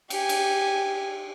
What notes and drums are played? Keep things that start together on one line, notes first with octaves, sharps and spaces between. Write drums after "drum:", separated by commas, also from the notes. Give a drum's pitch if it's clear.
G4 G#5, drum: cymbal
drum: cymbal